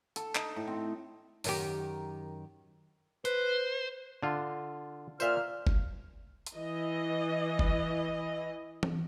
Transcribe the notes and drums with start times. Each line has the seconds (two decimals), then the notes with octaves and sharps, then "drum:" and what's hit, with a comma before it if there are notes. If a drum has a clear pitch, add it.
0.16 A4, drum: hi-hat
0.35 D#4, drum: clap
0.56 A2
0.68 C4
1.44 F#2 D#3 G4, drum: open hi-hat
3.25 B4 C5, drum: hi-hat
4.23 D3 F4
5.20 A#2 C5 E5 F6, drum: tambourine
5.67 drum: kick
6.46 drum: hi-hat
6.56 E3 D#5
7.59 drum: kick
8.83 drum: tom E3